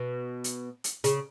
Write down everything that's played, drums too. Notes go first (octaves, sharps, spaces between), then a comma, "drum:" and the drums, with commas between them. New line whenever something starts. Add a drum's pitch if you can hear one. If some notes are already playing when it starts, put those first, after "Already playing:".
Already playing: B2
drum: hi-hat
drum: hi-hat
C#3, drum: hi-hat